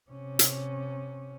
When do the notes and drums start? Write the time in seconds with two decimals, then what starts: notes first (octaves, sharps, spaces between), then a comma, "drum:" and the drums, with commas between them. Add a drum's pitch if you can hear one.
0.10 C3 C#4
0.39 drum: hi-hat